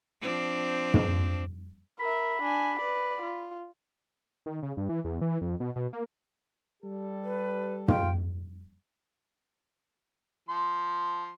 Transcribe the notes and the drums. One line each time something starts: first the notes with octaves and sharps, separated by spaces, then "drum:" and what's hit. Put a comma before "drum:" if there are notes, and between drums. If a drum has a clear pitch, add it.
F3 C4 D4
drum: tom
A#4 E5 B5
D4 G#5
B4 D5
F4
D#3
C#3
G2
E3
E2
E3
F2
B2
B2
A#3
G3 G4 A4
B4
F4 G5, drum: tom
F3 C6